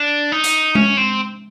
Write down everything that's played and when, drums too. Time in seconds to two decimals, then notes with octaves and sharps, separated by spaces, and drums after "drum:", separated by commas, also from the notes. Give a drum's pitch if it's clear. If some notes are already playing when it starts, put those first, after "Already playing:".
Already playing: D4
0.32 D#4
0.44 drum: hi-hat
0.75 C#4, drum: tom G#3
0.97 C4